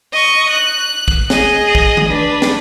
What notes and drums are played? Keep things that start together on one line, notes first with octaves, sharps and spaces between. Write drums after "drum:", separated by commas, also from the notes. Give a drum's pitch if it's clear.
D#5 C#6
F#6
drum: kick
G#4 D#5, drum: snare
drum: kick
drum: tom D3
D4 B4
drum: snare